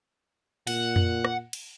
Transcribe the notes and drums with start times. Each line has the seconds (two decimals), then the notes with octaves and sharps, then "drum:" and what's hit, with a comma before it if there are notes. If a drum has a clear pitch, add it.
0.67 A#2 F#5, drum: cymbal
0.96 drum: tom F2
1.25 drum: rim click
1.53 drum: cymbal